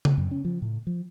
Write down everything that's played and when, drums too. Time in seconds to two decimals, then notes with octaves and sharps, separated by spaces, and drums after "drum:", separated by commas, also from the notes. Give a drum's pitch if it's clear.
0.05 drum: tom C#3
0.18 F#2
0.31 C#4
0.45 F3
0.62 A2
0.87 F3